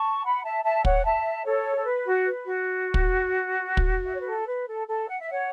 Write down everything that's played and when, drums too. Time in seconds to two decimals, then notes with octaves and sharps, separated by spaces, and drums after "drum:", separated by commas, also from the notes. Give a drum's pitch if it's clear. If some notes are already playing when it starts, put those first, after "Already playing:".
Already playing: A5 C#6
0.24 F#5 B5
0.44 E5 A5
0.64 E5 A5
0.85 C#5 F#5, drum: kick
1.04 E5 A5
1.45 A4 C#5
1.76 A4
1.85 B4
2.06 F#4
2.26 B4
2.46 F#4
2.94 drum: kick
3.77 drum: kick
4.06 E5
4.13 C#5
4.20 B4
4.28 A4
4.48 B4
4.68 A4
4.88 A4
5.08 F#5
5.20 E5
5.31 C#5 F#5